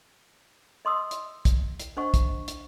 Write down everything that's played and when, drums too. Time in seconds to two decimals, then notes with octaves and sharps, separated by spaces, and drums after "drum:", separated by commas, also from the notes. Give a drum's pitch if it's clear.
0.85 D#5 C6 D#6 E6
1.11 drum: hi-hat
1.45 drum: kick, hi-hat
1.80 drum: hi-hat
1.97 D4 C5 D#5 F#5 C#6
2.14 drum: kick, hi-hat
2.48 drum: hi-hat